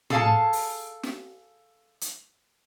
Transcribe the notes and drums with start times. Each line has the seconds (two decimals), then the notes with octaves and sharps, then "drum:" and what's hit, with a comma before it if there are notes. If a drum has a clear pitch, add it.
0.10 G#4 A4 F5 G#5 A5, drum: tom
0.53 drum: open hi-hat
1.03 drum: snare
2.01 drum: hi-hat